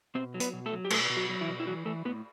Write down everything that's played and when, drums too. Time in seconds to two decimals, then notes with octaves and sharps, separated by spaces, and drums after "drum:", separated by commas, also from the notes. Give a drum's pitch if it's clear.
0.15 B2 C4 C5
0.34 F#3
0.40 B3 B4, drum: hi-hat
0.53 B2
0.66 A3 A4
0.72 F#3
0.85 G4
0.90 B2 A3 A4, drum: cymbal
1.10 B2
1.17 F#3 F#4
1.29 F#3
1.41 E3 E4
1.48 B2
1.60 E4
1.67 E3 F#3 F#4
1.85 E3 A3 A4
2.05 A2 B3 B4